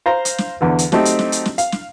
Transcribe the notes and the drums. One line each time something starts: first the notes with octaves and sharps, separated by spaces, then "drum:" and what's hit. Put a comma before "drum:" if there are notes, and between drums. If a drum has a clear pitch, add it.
C5 F5 A#5 C6
drum: hi-hat
drum: snare
E2 D3 E3
drum: hi-hat
F#3 A3 C4 D#4 G4, drum: snare
drum: hi-hat
drum: snare
drum: hi-hat
drum: snare
F5, drum: hi-hat
drum: snare